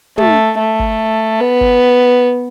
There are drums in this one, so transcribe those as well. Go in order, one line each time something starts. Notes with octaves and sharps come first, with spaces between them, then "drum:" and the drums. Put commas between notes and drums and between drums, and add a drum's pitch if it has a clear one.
A3, drum: tom
A3
drum: kick
B3
drum: kick